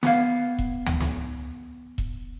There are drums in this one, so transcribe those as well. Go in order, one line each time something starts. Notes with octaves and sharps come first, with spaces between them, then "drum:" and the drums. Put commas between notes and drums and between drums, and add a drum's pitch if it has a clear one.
B3 F5, drum: snare
drum: kick E1
drum: tom D2
drum: snare
drum: kick E1